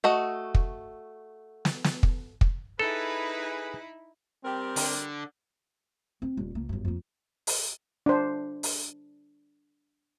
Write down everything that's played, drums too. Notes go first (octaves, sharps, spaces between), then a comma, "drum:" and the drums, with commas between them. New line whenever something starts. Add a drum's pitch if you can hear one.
A3 F#4 D#5
drum: kick
drum: snare
drum: snare
drum: kick
drum: kick
D#4 E4 G#4 A4 B4
G3 C4 G4 A#4
D3, drum: open hi-hat
C4
D#1 G3
C#2 A#3
G1 F#2
F2 A#3
drum: open hi-hat
D4 C5
drum: open hi-hat